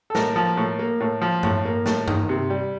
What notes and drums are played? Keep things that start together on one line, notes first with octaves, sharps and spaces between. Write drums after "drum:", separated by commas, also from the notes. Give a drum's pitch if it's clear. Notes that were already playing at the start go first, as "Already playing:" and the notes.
A4
A2 A#3 A#4, drum: snare
F3
A2
A#3
A2
F3
A2, drum: tom G2
A#3
A2, drum: snare
D#3, drum: tom G2
C3
G3